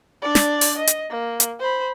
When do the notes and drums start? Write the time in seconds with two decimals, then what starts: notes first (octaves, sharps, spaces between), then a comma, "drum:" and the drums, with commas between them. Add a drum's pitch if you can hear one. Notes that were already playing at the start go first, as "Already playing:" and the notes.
0.22 D4 D5
0.35 drum: snare
0.61 drum: open hi-hat
0.78 D#5
0.87 drum: hi-hat
1.10 A#3
1.40 drum: hi-hat
1.60 C5 B5